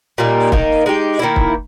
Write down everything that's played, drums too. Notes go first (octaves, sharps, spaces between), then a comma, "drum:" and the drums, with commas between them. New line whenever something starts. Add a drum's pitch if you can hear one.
A#2 G3 A#3 D#4
D#3 A#3 D#4, drum: kick
G#3 D#4 G4
D#3 A#3 E4
drum: kick